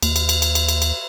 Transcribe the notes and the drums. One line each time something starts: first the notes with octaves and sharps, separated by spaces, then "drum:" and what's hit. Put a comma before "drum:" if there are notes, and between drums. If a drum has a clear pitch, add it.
D#2, drum: cymbal
drum: cymbal
drum: cymbal
drum: cymbal
drum: cymbal
drum: cymbal
drum: cymbal